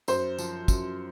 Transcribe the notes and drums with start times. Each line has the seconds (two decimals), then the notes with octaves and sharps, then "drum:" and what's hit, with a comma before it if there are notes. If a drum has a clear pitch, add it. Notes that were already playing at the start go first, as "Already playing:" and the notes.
0.08 F#2 C5, drum: tambourine
0.38 F3, drum: tambourine
0.68 F#2, drum: kick, tambourine